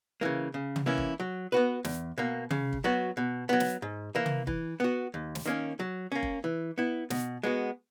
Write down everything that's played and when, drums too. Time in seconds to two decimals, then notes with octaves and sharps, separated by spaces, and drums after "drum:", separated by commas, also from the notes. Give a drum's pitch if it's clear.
0.21 C#3 E3 A#3
0.54 C#3
0.76 drum: tom
0.86 E3 A#3 C#4 E4
0.98 drum: kick
1.20 F#3
1.52 B3 F#4 B4
1.85 E2, drum: snare
2.18 B2 A#3
2.51 C#3, drum: tom
2.73 drum: kick
2.84 F#3 B3 F#4
3.17 B2
3.49 F#3 B3
3.60 drum: snare
3.82 G#2
4.15 E3 A#3 E4
4.26 drum: tom
4.47 E3, drum: kick
4.80 B3 F#4
5.14 D#2
5.35 drum: snare
5.46 D#3 A#3 C#4
5.79 F#3
6.12 A#3 C#4
6.23 drum: kick
6.44 E3
6.78 B3 E4
7.10 B2, drum: snare
7.43 G#3 B3 F#4